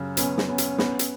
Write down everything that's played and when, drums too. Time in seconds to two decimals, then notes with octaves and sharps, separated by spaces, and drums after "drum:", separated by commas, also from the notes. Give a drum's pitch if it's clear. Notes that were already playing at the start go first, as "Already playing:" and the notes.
Already playing: F#2 C#3
0.17 B3 C#4, drum: hi-hat
0.38 drum: snare
0.48 B3 C#4
0.58 drum: hi-hat
0.78 B3, drum: snare
0.99 drum: hi-hat